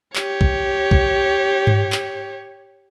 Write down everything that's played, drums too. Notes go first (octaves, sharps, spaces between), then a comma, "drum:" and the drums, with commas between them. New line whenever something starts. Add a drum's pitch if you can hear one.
G4 C#5, drum: clap
drum: kick
drum: kick
drum: tom G2
drum: clap